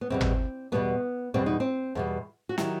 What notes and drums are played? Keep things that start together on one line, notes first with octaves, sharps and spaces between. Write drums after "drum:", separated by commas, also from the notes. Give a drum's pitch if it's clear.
B3
E2 B2 G3 C4
drum: tom G#1
E2 B2 G3 B3
E2 B2 G3 C4
D#4
C4
E2 B2 G3
F#4
D#3 F#3 E4 G4, drum: snare